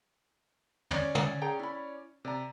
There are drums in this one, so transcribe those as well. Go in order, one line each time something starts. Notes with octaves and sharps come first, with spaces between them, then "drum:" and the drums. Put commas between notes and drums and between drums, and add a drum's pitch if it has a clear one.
C#4 C#5 D5, drum: tom
drum: tom
G#4 G5 A#5
E4 B5
C3 D5 A#5